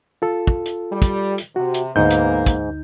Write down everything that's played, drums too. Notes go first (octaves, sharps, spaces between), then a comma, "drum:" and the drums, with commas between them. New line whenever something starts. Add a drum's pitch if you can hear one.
F4 A4
drum: kick
drum: hi-hat
G3
drum: kick, hi-hat
drum: hi-hat
C3 F#4
drum: hi-hat
D2 G#2 A#3 B3 D#4 G6
drum: hi-hat
drum: kick, hi-hat